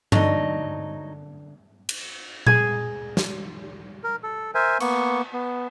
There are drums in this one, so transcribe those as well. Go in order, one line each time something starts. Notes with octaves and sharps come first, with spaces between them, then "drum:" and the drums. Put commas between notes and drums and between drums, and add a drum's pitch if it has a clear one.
D3 F#3 D#4, drum: tom G2
drum: cymbal
G#4 G#6, drum: tom A#2
drum: snare
A#4
A4
A#4 C5 E5 G#5
A#3 B3 C#6, drum: cymbal
B3